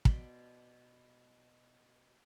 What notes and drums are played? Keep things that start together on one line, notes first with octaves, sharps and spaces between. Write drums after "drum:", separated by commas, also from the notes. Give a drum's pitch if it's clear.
B2 D5 B5 C6, drum: kick